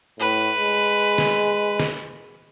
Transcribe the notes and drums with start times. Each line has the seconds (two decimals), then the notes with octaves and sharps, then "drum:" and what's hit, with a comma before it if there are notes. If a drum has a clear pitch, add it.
0.19 A2 B4
0.57 G#3
1.18 drum: snare
1.80 drum: snare